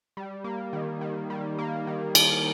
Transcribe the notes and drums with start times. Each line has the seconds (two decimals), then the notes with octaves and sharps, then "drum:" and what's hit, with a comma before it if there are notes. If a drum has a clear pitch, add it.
0.17 G3
0.44 A#3
0.73 D#3
1.01 D#3
1.30 G3
1.58 A#3
1.87 D#3
2.15 D#3, drum: cymbal